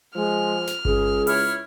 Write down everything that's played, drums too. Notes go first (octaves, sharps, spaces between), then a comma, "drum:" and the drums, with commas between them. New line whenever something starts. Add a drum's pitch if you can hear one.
F3 G#3 F6
drum: snare
C#2 G#4, drum: kick G1
E4 C#5 F6, drum: open hi-hat